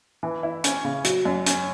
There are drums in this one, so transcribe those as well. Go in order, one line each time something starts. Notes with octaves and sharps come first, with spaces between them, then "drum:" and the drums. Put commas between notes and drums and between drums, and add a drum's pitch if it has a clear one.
E3
E4
C#4, drum: hi-hat
C#3
F#3, drum: hi-hat
F#2
C#4, drum: hi-hat